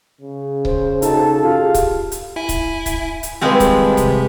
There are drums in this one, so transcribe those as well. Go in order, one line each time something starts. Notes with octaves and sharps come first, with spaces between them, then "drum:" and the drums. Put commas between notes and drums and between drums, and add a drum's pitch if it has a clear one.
C#3
C5, drum: kick C#1
D#4 F#4 A4 A5, drum: hi-hat
F4 G4 G#4 F5
drum: kick C#1, hi-hat
drum: hi-hat
E4 E5 G#5
drum: kick C#1, hi-hat
drum: kick C#1, hi-hat
drum: hi-hat
D#3 F3 G3 G#3 C4 B4
drum: kick C#1, hi-hat
C3, drum: kick C#1, hi-hat